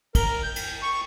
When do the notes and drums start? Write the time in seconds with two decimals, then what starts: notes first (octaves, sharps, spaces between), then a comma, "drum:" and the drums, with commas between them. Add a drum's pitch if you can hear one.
0.15 A#4, drum: kick, cymbal
0.43 G6
0.56 drum: cymbal
0.82 C#6